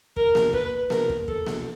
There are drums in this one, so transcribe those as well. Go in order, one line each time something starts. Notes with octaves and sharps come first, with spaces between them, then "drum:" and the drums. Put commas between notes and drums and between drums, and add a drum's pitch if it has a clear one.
A#4, drum: kick
drum: snare A#3
B4, drum: kick
A#4, drum: snare A#3
drum: kick
A4, drum: kick
drum: snare A#3